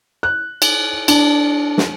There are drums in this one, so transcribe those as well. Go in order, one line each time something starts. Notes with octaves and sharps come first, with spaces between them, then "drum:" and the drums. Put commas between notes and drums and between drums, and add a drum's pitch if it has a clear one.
F#6
drum: cymbal
D4, drum: cymbal
drum: snare